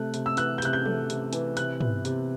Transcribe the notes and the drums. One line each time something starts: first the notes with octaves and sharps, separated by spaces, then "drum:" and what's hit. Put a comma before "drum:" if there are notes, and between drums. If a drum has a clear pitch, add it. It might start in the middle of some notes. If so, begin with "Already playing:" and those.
Already playing: C3 A3 F#6
C3, drum: hi-hat
E6
E3 F#6, drum: hi-hat
G6
C3 F#6, drum: hi-hat
G6
A3, drum: tom
C3, drum: hi-hat
E3, drum: hi-hat
C3 F#6, drum: hi-hat
B3, drum: tom
C3, drum: hi-hat